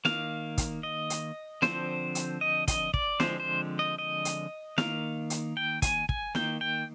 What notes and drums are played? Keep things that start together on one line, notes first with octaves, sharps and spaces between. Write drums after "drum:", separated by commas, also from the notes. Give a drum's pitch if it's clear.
D#3 A#3 F5, drum: snare
drum: kick, hi-hat
D#5
drum: hi-hat
D3 F3 C4 C5, drum: snare
drum: hi-hat
D#5
D#5, drum: kick, hi-hat
D5, drum: kick
D3 F3 G#3 C4 C5, drum: snare
C5
D#5
D#5
drum: hi-hat
D#3 A#3 F5, drum: snare
drum: hi-hat
G5
G#5, drum: kick, hi-hat
G#5, drum: kick
D#3 A#3 G5, drum: snare
G5